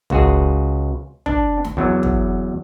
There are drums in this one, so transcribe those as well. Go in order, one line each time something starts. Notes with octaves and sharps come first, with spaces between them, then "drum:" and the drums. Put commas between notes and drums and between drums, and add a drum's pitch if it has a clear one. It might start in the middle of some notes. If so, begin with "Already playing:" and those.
C#2 F#4 G#4, drum: kick
D4, drum: kick
drum: snare
E2 F#3
drum: kick